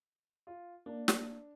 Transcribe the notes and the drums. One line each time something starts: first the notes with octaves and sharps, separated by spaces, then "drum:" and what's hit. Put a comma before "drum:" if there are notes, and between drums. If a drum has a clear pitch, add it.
F4
A#3 D4
drum: snare